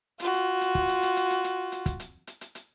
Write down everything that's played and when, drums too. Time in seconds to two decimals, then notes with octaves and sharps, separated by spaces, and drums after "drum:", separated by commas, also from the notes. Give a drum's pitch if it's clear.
0.20 F4 F#4, drum: hi-hat
0.33 drum: hi-hat
0.61 drum: hi-hat
0.75 drum: kick
0.89 drum: hi-hat
1.03 drum: hi-hat
1.17 drum: hi-hat
1.30 drum: hi-hat
1.44 drum: hi-hat
1.72 drum: hi-hat
1.86 drum: kick, hi-hat
2.00 drum: hi-hat
2.27 drum: hi-hat
2.41 drum: hi-hat
2.55 drum: hi-hat